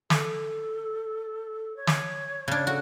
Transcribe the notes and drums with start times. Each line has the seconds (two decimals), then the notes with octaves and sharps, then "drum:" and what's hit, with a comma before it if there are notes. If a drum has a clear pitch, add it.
0.10 A4, drum: snare
1.76 C#5
1.87 drum: snare
2.48 C#3 D4
2.67 F#4 A4